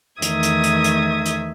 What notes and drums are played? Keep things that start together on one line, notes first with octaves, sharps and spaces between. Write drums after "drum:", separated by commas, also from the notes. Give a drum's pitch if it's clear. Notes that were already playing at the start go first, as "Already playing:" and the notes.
E2 D#3 A3 E5 D#6 G#6, drum: hi-hat
drum: hi-hat
drum: hi-hat
drum: hi-hat
drum: hi-hat